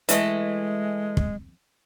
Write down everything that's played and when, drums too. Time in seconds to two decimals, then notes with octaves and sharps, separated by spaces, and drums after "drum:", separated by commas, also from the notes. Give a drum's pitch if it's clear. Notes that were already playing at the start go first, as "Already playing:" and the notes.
0.09 E3 G#3 A3 D#5, drum: hi-hat
1.17 drum: kick